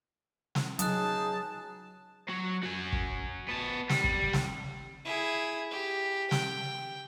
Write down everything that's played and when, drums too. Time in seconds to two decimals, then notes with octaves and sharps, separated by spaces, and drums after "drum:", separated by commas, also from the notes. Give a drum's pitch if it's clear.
0.55 drum: snare
0.79 C#2 F#3 D#4 G#4 A5 D#6 F#6, drum: hi-hat
2.29 F#3 F#4
2.63 F#4 G#5
2.93 drum: kick
3.48 B3 A5
3.89 G3, drum: snare
4.04 drum: kick
4.33 drum: snare
5.05 E4 G#4
5.71 G4
6.31 G5, drum: snare